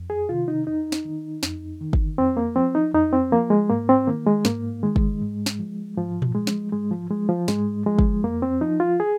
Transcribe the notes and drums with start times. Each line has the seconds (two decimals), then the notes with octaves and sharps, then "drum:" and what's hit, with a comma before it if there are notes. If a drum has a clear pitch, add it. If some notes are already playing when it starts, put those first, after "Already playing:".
Already playing: F2
0.10 G#4
0.29 C3 D#3 F4
0.48 D#4
0.67 F2 D#4
0.92 drum: snare
1.05 D#3
1.43 F2, drum: snare
1.80 D#3
1.93 drum: kick
2.18 F2 C4
2.37 A#3
2.56 F3 C4
2.75 D#4
2.94 F2 D#4
3.13 C4
3.32 F3 A#3
3.50 G#3
3.70 G#2 A#3
3.89 C4
4.07 D#3 A#3
4.26 G#3
4.45 G#2 A#3, drum: snare
4.83 D#3 G#3
4.96 drum: kick
5.21 G#2
5.46 drum: snare
5.59 F3
5.97 G#2 F3
6.22 drum: tom A#2
6.34 F3 G#3
6.47 drum: snare
6.72 G#2 G#3
6.91 F3
7.10 F3 G#3
7.29 F3
7.48 G#2 G#3, drum: snare
7.86 F3 G#3
7.99 drum: kick
8.24 F2 A#3
8.42 C4
8.61 F3 D#4
8.80 F4
9.00 G#4